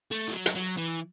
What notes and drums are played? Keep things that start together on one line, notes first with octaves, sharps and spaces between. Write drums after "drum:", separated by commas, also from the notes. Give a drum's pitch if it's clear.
A3
E3
F#3
drum: hi-hat
F#3
E3